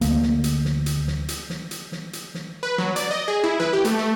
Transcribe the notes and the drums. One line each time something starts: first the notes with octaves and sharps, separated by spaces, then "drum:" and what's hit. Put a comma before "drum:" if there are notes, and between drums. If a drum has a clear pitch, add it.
D2 A#3, drum: hi-hat
drum: snare
drum: hi-hat
drum: snare
drum: hi-hat
drum: snare
drum: hi-hat
drum: snare
drum: hi-hat
drum: snare
drum: hi-hat
drum: snare
B4
F#3, drum: snare
D5, drum: hi-hat
D#5
G#4
E4
B4, drum: snare
G4
A3, drum: hi-hat
A3